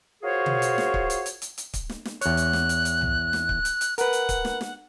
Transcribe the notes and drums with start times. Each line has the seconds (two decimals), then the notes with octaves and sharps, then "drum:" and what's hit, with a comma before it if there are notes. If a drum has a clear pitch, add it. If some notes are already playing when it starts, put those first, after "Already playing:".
0.23 F4 F#4 G#4 A#4 C5 C#5
0.46 drum: tom B2
0.62 drum: hi-hat
0.78 drum: snare
0.94 drum: kick C#1
1.10 drum: hi-hat
1.26 drum: hi-hat
1.42 drum: hi-hat
1.58 drum: hi-hat
1.74 drum: kick C#1, hi-hat
1.89 drum: snare
2.05 drum: snare
2.21 E2 C#5 F#6, drum: hi-hat
2.37 drum: hi-hat
2.53 drum: snare
2.69 drum: hi-hat
2.85 drum: hi-hat
3.01 drum: tom C2
3.33 drum: snare
3.49 drum: kick C#1
3.65 drum: hi-hat
3.81 drum: hi-hat
3.98 A#4 B4 F#5, drum: hi-hat
4.13 drum: hi-hat
4.29 drum: kick C#1, hi-hat
4.45 drum: snare
4.61 drum: snare